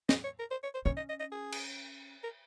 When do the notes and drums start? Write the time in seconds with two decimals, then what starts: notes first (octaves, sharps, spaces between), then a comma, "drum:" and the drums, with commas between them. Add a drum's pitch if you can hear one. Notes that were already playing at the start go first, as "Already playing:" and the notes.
0.09 D#5, drum: snare
0.24 C#5
0.40 A#4
0.51 C5
0.64 C#5
0.74 C5
0.85 C#4 C#5
0.97 D#5
1.09 D#5
1.20 D#5
1.32 G#4
1.52 drum: cymbal
2.24 A#4